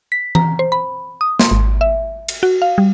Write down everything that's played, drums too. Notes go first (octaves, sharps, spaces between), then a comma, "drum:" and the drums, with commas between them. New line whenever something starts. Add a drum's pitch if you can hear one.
B6
A#5, drum: tom E3
C5
B5
D#6
C6, drum: snare
G#1
E5
drum: cymbal
F#4
F5
G3